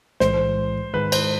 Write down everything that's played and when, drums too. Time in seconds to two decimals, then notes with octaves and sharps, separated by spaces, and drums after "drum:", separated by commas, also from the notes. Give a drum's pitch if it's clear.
0.20 B1 A2 E3 G#3 C5, drum: snare
0.94 G#2 D#3 G#3 B4
1.12 C5, drum: cymbal